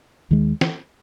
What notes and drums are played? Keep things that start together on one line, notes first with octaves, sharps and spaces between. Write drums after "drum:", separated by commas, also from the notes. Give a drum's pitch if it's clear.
D#2 D#3 G#3
drum: snare